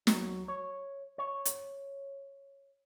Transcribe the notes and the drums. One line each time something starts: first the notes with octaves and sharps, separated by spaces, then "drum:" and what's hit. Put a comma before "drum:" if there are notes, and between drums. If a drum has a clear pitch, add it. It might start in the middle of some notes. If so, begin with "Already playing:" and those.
F#3, drum: snare
C#5
C#5
drum: hi-hat